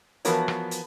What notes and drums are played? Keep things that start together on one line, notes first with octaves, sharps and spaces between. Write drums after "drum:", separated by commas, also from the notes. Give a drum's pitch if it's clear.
E3 F3 B3 F#4 A#4 C#5, drum: hi-hat
drum: rim click
drum: hi-hat